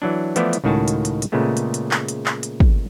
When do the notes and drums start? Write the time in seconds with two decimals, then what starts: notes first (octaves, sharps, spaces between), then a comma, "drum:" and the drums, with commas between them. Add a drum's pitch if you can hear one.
0.02 E3 F#3 D4
0.36 E3 F3 A3 B3 E4 D5, drum: hi-hat
0.53 drum: hi-hat
0.64 C#2 A2 D#3 F#4 G#5 A5
0.88 drum: hi-hat
1.05 drum: hi-hat
1.22 drum: hi-hat
1.32 A#2 C#3 G#3 A3 B3
1.57 drum: hi-hat
1.74 drum: hi-hat
1.91 drum: clap
2.09 drum: hi-hat
2.26 drum: clap
2.43 drum: hi-hat
2.60 drum: kick